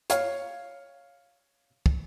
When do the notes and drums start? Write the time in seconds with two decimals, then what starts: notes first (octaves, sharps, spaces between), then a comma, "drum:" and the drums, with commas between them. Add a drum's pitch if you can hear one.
0.10 C#5 F5, drum: hi-hat
1.86 drum: kick